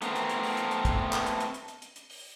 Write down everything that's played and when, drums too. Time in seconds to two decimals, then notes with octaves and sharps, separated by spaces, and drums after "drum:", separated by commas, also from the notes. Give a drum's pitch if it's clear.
0.02 A3 B3 C4 A#4, drum: hi-hat
0.16 drum: hi-hat
0.29 drum: hi-hat
0.43 drum: open hi-hat
0.57 drum: hi-hat
0.71 drum: hi-hat
0.85 drum: kick, hi-hat
1.13 drum: clap
1.27 drum: hi-hat
1.40 drum: hi-hat
1.54 drum: hi-hat
1.68 drum: hi-hat
1.82 drum: hi-hat
1.96 drum: hi-hat
2.10 drum: open hi-hat